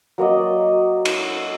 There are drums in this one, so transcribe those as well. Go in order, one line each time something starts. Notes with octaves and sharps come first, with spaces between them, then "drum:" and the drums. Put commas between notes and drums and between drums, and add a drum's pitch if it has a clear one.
F#3 A#3 D5 D#5
drum: cymbal